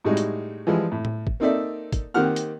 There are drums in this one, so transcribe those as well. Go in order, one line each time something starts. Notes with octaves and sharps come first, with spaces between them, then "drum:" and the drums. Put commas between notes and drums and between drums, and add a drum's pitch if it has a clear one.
A2 G3 G#3 D#4 F#4
drum: hi-hat
E3 F3 G3 G#3
A2
drum: tom A2
drum: kick
A#3 C4 D#4 A4 D5 E5
drum: kick, hi-hat
D#3 A#3 C4 G4 F#5 F6
drum: hi-hat